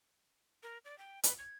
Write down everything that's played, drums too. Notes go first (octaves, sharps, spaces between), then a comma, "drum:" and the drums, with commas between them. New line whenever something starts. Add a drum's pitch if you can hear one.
A#4
D5
G5
B4, drum: hi-hat
G#6